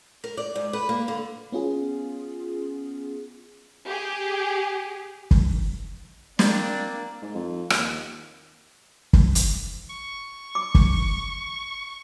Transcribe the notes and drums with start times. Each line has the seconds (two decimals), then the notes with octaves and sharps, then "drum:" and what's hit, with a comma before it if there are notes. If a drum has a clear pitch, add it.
0.24 A#4
0.37 D5
0.56 G#2
0.73 B4
0.89 A#3
1.08 D3
1.52 B3 C#4 F4 G#4
3.86 G4 G#4
5.31 drum: kick F#1
6.39 F3 G#3 A#3 C4 D4 D5, drum: snare
7.22 G#2
7.35 F2
7.70 D#2, drum: rim click
9.13 drum: kick F#1
9.35 drum: hi-hat
9.90 C#6
10.55 D6
10.75 drum: kick F#1